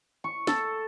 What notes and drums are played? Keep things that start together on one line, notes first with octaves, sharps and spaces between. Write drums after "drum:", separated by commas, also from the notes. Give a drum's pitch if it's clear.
C#6
A4, drum: snare